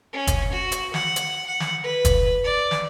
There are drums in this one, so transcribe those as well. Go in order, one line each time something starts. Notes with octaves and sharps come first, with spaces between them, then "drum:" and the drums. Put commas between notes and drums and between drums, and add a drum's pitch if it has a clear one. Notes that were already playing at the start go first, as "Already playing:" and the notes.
C#4
drum: kick, hi-hat
F#4
drum: hi-hat
F#5, drum: snare
drum: hi-hat
F#5
drum: snare
B4
drum: kick, hi-hat
D5
drum: snare